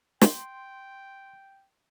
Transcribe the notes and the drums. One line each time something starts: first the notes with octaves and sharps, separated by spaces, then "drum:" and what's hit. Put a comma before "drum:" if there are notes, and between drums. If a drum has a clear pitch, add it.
G5 C6, drum: snare